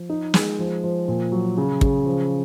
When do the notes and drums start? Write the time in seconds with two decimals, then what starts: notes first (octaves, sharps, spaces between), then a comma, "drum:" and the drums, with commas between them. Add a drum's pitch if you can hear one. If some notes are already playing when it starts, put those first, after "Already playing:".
Already playing: F3
0.10 D#4
0.34 G#3, drum: snare
0.59 F3
0.84 F3
1.08 A#2
1.32 F#3
1.57 C#3
1.81 C#3, drum: kick
2.06 F3